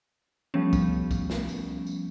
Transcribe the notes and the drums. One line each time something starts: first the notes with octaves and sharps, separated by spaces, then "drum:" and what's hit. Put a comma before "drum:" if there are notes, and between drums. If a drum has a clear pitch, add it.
F3 G3 A3 B3 C#4
drum: kick C2, tambourine
drum: kick C2, tambourine
drum: snare
drum: tambourine
drum: tambourine